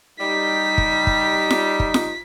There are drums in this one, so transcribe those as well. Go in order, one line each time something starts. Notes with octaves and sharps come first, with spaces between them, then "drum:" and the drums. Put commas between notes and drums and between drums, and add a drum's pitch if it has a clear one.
G3 D#4 B6
drum: kick
drum: kick
drum: snare F4
drum: kick
drum: snare F4